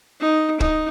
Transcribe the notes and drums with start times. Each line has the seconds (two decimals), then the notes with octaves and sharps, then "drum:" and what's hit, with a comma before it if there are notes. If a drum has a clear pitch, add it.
0.20 D#4
0.60 D#4, drum: kick